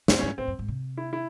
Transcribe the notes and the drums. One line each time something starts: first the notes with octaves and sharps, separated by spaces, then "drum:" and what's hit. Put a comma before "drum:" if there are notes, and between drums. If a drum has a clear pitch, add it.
F#2 C4, drum: snare
C#4
G#2
A2 C4
F#2
G#2
C3
E4
E4